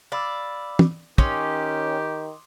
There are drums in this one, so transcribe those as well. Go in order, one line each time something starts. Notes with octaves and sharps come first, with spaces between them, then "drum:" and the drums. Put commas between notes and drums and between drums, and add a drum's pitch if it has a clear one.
D5 F5 B5 E6
drum: tom
D#3 C#4 G4 C6 D6 D#6, drum: kick